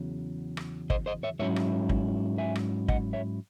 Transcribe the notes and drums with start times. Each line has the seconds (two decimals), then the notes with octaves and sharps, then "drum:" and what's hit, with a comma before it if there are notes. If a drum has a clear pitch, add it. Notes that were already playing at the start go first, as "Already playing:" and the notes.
Already playing: E2 C#3 F#3
0.57 drum: rim click
0.90 C5 D#5, drum: kick
1.06 C5 D#5
1.23 C#5 E5
1.39 G#2 F#3 C#4 E4 C#5 E5
1.56 drum: rim click
1.89 drum: kick
2.38 E5 G#5
2.56 drum: rim click
2.88 D#5 F#5, drum: kick
3.13 C#5 E5